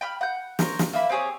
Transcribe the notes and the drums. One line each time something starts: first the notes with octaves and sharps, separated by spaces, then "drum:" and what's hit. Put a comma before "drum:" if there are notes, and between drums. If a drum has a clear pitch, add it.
G5 B5 F6
F#5 G6
A#4 C5 C#5, drum: snare
drum: snare
A#3 E5 B5
C4 G4 G#4 C#5